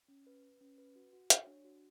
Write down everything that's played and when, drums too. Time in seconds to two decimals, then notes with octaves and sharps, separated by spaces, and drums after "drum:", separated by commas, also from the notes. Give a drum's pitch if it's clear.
0.08 C#4
0.27 B4
0.43 B4
0.61 C#4
0.78 B4
0.96 F#4
1.13 F#4
1.30 C#5, drum: hi-hat
1.47 D4
1.64 F#4